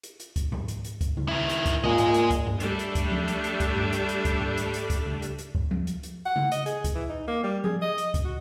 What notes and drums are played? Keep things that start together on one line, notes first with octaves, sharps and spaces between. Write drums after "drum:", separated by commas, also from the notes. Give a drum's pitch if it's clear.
drum: hi-hat
drum: hi-hat
drum: kick C#2, hi-hat
drum: tom G#2
drum: hi-hat
drum: hi-hat
drum: kick C#2, hi-hat
drum: tom C#3
D#3 E4
drum: hi-hat
drum: kick C#2, hi-hat
A#2 G#4 D#5, drum: tom G#2
drum: hi-hat
drum: hi-hat
drum: kick C#2, hi-hat
drum: tom G2
G3 A3 D4 A4, drum: hi-hat
drum: hi-hat
drum: kick C#2, hi-hat
drum: tom F3
drum: hi-hat
drum: hi-hat
drum: kick C#2, hi-hat
drum: tom G2
drum: hi-hat
drum: hi-hat
drum: kick C#2, hi-hat
drum: tom G#2
drum: hi-hat
drum: hi-hat
drum: kick C#2, hi-hat
drum: tom C#3
drum: hi-hat
drum: hi-hat
drum: kick C#2
drum: tom F3
drum: hi-hat
drum: hi-hat
F#5
drum: tom C#3
D#5, drum: hi-hat
G#4, drum: hi-hat
drum: kick C#2, hi-hat
E3
D#4
A#3
G3
G#4, drum: tom F3
D#5
drum: hi-hat
drum: kick C#2, hi-hat
F#4